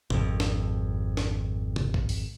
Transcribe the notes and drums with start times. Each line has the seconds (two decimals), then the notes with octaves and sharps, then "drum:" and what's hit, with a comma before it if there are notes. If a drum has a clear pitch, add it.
0.10 G#1 F2, drum: tom C3
0.40 drum: snare
1.17 drum: snare
1.76 drum: tom C3
1.94 drum: kick A#1
2.09 drum: open hi-hat